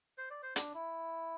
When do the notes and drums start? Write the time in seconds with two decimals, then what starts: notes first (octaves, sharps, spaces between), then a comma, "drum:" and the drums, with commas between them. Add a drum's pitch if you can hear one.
0.18 C5
0.30 D5
0.43 C5
0.56 D4, drum: hi-hat
0.74 E4